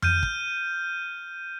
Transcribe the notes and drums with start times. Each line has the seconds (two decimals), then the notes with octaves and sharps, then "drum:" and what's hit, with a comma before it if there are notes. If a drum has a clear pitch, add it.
0.02 F6 G6 D#7, drum: tom F2
0.23 drum: kick